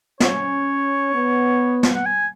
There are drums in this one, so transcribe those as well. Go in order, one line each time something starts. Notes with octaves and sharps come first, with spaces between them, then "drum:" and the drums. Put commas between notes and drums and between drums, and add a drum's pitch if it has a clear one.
C#4 C#5, drum: snare
B3
drum: snare
F#5
G#5